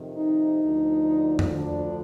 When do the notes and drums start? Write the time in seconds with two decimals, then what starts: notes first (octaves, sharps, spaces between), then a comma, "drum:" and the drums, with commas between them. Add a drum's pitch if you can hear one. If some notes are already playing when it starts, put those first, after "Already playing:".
Already playing: F2 C3 D#3
0.16 D#4
0.62 D2 D3 F3
1.39 drum: tom F2
1.52 D4